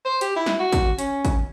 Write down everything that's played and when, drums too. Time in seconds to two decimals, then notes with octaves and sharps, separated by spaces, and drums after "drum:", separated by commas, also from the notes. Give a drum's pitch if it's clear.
0.05 C5
0.21 G4, drum: hi-hat
0.36 E4
0.46 drum: snare
0.60 F#4
0.72 drum: kick, hi-hat
0.99 C#4, drum: hi-hat
1.25 drum: kick, hi-hat